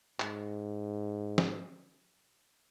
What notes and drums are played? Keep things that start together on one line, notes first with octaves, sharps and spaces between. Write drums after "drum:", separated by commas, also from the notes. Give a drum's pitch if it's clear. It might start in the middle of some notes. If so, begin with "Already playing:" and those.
G#2, drum: clap
drum: snare